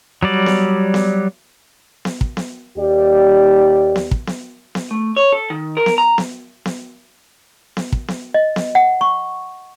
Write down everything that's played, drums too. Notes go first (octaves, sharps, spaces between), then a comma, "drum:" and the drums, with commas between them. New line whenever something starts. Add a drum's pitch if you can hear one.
F#3 G3 D5
drum: snare B3
drum: snare B3
drum: snare B3
drum: kick
drum: snare B3
D#2 G4 D5
drum: snare B3
drum: kick
drum: snare B3
drum: snare B3
A3
C#5
A4
D#3
A#4
drum: snare B3
A#5
drum: snare B3
drum: snare B3
drum: snare B3
drum: kick
drum: snare B3
D#5
drum: snare B3
F#5
C#6